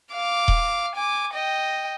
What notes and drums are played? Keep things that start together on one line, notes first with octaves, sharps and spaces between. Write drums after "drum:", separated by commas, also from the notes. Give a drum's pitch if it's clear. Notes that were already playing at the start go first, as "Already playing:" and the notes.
F5 D6
drum: kick D#1
G#5 D6
D#5 G5